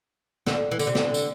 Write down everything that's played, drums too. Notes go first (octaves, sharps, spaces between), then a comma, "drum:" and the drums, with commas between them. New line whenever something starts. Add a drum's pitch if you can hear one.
D3, drum: snare
E3
D3, drum: tambourine
C3
D3, drum: snare
drum: tambourine